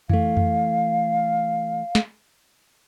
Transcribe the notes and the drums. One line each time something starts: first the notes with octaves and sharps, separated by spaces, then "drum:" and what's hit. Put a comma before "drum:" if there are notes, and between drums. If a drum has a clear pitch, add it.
E3 A3 F5, drum: tom F2
drum: tom F2
drum: snare